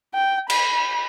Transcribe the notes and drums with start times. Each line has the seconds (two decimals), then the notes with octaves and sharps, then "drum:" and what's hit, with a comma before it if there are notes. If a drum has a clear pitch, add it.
0.14 G5
0.50 B5, drum: cymbal